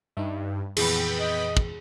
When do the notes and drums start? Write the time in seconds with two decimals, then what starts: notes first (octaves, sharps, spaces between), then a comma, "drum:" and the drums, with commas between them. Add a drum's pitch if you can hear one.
0.17 G2 D#4 E5
0.77 F2 A#2 E3 B3 G#4 G5 B5, drum: cymbal
1.20 D#5
1.57 drum: kick